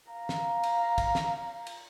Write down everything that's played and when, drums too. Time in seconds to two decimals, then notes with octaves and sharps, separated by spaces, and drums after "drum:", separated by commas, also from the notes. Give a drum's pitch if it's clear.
0.12 F5 A#5
0.29 drum: snare
0.63 drum: cymbal
0.98 drum: kick, cymbal
1.15 drum: snare
1.67 drum: cymbal